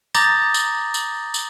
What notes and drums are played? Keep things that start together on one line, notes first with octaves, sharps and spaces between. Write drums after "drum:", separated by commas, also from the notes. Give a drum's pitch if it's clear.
A#5 D6 D#6 G6 A6 A#6, drum: tambourine
drum: tambourine
drum: tambourine
drum: tambourine